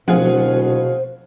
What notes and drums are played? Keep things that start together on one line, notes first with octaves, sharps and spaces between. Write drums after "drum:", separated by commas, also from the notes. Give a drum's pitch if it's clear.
D1 B2 F4 G#4 C5 F#5, drum: tom F3